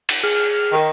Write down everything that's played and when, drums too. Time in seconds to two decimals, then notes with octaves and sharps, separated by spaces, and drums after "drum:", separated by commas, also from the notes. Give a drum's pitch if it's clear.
0.09 drum: cymbal
0.23 G#4 F6
0.72 D#3